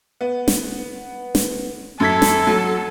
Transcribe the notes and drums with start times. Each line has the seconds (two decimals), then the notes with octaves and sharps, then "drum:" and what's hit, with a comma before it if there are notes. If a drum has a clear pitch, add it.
0.21 B3
0.48 drum: snare
1.35 drum: snare
2.00 F#2 A4 G#6 B6
2.22 drum: snare
2.47 F#3